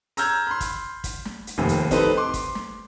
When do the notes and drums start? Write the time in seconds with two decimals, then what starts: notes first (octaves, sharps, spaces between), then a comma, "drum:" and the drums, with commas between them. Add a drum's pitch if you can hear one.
0.17 A#5 E6 F6 G6 G#6, drum: hi-hat
0.47 B5 C6
0.60 drum: kick, hi-hat
1.04 drum: kick, hi-hat
1.25 drum: snare
1.47 drum: hi-hat
1.58 F1 D#2 C3
1.69 drum: hi-hat
1.91 C4 D#4 G4 A4 B4 C5, drum: kick, hi-hat
2.17 C6 D6
2.34 drum: kick, hi-hat
2.55 drum: snare